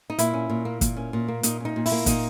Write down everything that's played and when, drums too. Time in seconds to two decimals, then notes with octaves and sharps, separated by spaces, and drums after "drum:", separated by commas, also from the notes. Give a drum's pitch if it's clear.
0.10 D#4
0.19 A#2 E4, drum: hi-hat
0.34 C#4
0.50 A#2
0.65 A#3
0.81 A#2, drum: kick, hi-hat
0.97 C#4
1.13 A#2
1.28 A#3
1.43 A#2 D#4, drum: hi-hat
1.60 C#4 D#4
1.76 A#2
1.86 E4, drum: open hi-hat
1.92 A#3
2.06 A#2 D#4, drum: kick, hi-hat